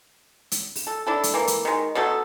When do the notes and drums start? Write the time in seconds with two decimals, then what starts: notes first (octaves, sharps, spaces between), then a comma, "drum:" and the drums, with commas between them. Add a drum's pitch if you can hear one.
0.52 drum: hi-hat
0.76 drum: open hi-hat
0.87 A4
1.07 D4 E4 A4
1.23 drum: hi-hat
1.34 E3 A#3
1.47 drum: hi-hat
1.65 D#3 G#3
1.95 B2 F#3 A3 A4